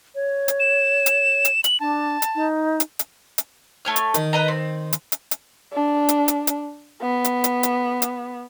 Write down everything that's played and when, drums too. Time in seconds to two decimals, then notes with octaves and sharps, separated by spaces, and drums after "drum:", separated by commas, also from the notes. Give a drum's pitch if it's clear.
0.15 C#5
0.48 drum: hi-hat
0.60 E7
1.06 drum: hi-hat
1.45 drum: hi-hat
1.64 F#7, drum: hi-hat
1.80 D4 A5
2.22 drum: hi-hat
2.35 D#4
2.80 drum: hi-hat
2.99 drum: hi-hat
3.38 drum: hi-hat
3.85 A3 C#5 F6
3.96 drum: hi-hat
4.14 D#3, drum: hi-hat
4.33 B4 D#5 A#5
4.48 C4
4.93 drum: hi-hat
5.12 drum: hi-hat
5.31 drum: hi-hat
5.73 D4
6.09 drum: hi-hat
6.28 drum: hi-hat
6.47 drum: hi-hat
7.02 B3
7.24 drum: hi-hat
7.44 drum: hi-hat
7.63 drum: hi-hat
8.02 drum: hi-hat